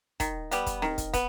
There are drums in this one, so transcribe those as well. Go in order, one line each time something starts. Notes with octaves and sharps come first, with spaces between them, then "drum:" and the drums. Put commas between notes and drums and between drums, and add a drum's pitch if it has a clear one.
D#3, drum: kick, hi-hat
G3 B3, drum: hi-hat
drum: kick, hi-hat
D#3, drum: snare C4
drum: kick, hi-hat
B3, drum: kick, hi-hat